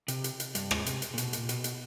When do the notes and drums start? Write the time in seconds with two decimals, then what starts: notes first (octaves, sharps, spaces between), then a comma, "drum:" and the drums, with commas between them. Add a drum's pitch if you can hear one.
0.08 C3, drum: hi-hat
0.24 drum: hi-hat
0.40 drum: hi-hat
0.55 G2, drum: hi-hat
0.71 G#2, drum: rim click
0.86 C3, drum: hi-hat
1.02 drum: hi-hat
1.14 A#2
1.18 B2, drum: hi-hat
1.33 A#2, drum: hi-hat
1.49 B2, drum: hi-hat
1.64 drum: hi-hat